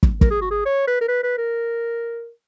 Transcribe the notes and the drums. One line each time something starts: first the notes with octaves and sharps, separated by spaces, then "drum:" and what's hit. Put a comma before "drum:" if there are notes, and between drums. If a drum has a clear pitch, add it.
drum: kick
A#4, drum: kick
G#4
F#4
G#4
C#5
B4
A#4
B4
B4
A#4